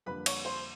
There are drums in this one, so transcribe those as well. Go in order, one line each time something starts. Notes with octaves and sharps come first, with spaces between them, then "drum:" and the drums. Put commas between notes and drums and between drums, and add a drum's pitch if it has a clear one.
F2 D3 G3 A#3 B4 B5
C#5 C#6, drum: cymbal
C5 C6